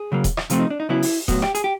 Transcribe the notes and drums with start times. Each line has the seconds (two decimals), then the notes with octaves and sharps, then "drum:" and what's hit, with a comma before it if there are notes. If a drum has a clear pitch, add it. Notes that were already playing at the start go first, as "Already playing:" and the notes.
Already playing: G#4
0.12 C#3 F#3 A#3
0.24 drum: kick D#1, hi-hat
0.37 drum: rim click
0.50 C3 F3 A3 C4 F4, drum: hi-hat
0.60 D#4
0.70 D4
0.80 D#4
0.89 C#3 F#3 B3 E4
1.02 drum: open hi-hat
1.28 A2 F#3 B3 F#4, drum: kick D#1, hi-hat
1.42 G4, drum: rim click
1.55 G#4, drum: hi-hat
1.64 G4